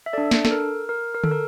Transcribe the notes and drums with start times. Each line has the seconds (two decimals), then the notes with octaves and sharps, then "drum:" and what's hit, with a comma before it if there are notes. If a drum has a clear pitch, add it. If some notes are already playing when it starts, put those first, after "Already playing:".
0.06 E5
0.13 D4 A4 D5
0.31 drum: snare
0.45 A4, drum: snare
0.51 A#4
0.89 A#4
1.14 A#4
1.24 A4, drum: tom D3
1.32 A#4